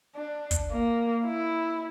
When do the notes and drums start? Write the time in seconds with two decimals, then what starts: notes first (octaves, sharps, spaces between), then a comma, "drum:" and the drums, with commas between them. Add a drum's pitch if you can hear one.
0.15 D4
0.51 drum: kick, hi-hat
0.71 A#3
1.26 E4